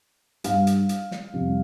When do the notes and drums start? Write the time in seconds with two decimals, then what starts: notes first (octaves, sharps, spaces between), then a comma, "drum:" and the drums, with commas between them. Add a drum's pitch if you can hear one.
0.44 G2 G3 F5, drum: hi-hat
0.67 drum: hi-hat
0.89 drum: hi-hat
1.11 drum: snare
1.33 F2 C3 G3